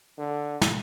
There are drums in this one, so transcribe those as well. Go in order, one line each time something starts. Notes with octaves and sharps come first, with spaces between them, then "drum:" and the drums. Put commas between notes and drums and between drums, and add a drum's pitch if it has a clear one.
D3
drum: snare